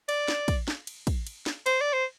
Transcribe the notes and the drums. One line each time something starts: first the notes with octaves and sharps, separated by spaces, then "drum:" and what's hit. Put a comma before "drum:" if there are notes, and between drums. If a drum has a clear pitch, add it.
D5, drum: cymbal
drum: snare
drum: kick, cymbal
drum: snare
drum: cymbal
drum: kick, cymbal
drum: cymbal
drum: snare
C5, drum: cymbal
D5
C5